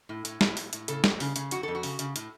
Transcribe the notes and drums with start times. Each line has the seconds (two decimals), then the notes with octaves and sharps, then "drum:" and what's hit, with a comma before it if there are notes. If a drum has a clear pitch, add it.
0.09 A2
0.25 A2, drum: hi-hat
0.41 A2, drum: snare
0.57 A2, drum: open hi-hat
0.73 A2, drum: hi-hat
0.88 C#3 A4, drum: hi-hat
1.04 F2, drum: snare
1.20 C#3, drum: open hi-hat
1.36 C#3, drum: hi-hat
1.51 F2 F#4, drum: hi-hat
1.63 F2 A4
1.75 F#4
1.83 C#3, drum: open hi-hat
1.99 C#3, drum: hi-hat
2.16 A2, drum: hi-hat